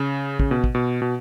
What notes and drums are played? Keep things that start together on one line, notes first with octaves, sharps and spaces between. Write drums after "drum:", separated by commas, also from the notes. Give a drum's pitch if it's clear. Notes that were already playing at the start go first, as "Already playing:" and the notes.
Already playing: C#3
C#3, drum: kick
B2
drum: kick
B2
B2